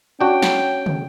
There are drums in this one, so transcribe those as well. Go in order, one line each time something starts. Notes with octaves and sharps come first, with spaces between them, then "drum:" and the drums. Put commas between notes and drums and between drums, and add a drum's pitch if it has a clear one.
C#4 D4 F#4 G5
drum: snare
drum: tom